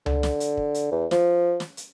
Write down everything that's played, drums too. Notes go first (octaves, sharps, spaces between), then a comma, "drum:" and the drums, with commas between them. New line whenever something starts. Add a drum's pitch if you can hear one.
D3, drum: tom C#2
drum: snare
drum: hi-hat
drum: kick
drum: hi-hat
E2
F3, drum: snare
drum: snare
drum: hi-hat